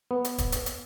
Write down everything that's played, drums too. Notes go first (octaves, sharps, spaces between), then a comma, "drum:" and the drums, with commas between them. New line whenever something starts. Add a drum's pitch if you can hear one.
B3
drum: hi-hat
drum: kick, hi-hat
drum: hi-hat
drum: hi-hat